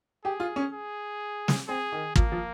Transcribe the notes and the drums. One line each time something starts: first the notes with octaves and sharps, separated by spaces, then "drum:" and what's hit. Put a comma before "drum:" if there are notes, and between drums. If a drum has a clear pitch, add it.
G4 G#4
F4
C#4
G#4
drum: snare
C4 G#4
D#3
F3 A#3, drum: kick
F3